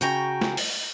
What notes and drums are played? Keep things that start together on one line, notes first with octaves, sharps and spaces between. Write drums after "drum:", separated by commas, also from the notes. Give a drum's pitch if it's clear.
C#3 F#4 G5 G#5 A#5
drum: snare
drum: open hi-hat